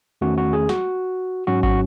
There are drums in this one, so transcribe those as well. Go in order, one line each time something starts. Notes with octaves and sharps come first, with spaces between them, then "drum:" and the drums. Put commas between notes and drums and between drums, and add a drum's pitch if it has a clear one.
E2 D#3 A3 C#4 F#4
F#4
G#4
F#4, drum: snare
G#2 F#3 C#4 F#4
F#4, drum: kick